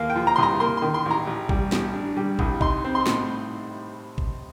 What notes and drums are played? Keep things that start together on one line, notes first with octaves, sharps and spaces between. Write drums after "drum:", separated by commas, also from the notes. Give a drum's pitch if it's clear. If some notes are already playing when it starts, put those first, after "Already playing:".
Already playing: D#2 A#3 F5
G5
F3
A#5
C2 C6
A#5
A#3 C6
D#3 C6
C6
A1
A#5
A1
G3, drum: kick
A1, drum: snare
D4
G3
C2, drum: kick
D#4 C6, drum: kick
C4
C6
A2, drum: snare
drum: kick